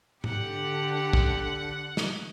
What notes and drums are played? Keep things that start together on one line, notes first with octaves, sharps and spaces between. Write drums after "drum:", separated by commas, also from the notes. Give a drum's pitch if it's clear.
D3 G4 F#5, drum: tom G#2
drum: kick
drum: snare